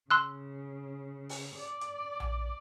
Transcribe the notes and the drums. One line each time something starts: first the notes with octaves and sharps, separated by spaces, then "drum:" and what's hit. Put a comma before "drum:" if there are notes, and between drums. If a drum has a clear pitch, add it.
C#3 C6 E6 F#6
drum: open hi-hat
D5
drum: hi-hat
drum: tom A#1